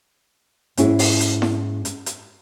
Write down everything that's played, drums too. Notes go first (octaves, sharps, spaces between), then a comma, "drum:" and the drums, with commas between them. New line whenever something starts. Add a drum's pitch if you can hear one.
G#2 C#4 E4 G#4, drum: hi-hat
drum: open hi-hat
drum: hi-hat
drum: snare E4
drum: hi-hat
drum: hi-hat